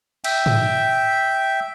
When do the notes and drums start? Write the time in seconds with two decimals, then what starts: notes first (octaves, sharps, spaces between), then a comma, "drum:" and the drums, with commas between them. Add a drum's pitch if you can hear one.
0.24 E5 G5, drum: cymbal
0.46 drum: tom G#2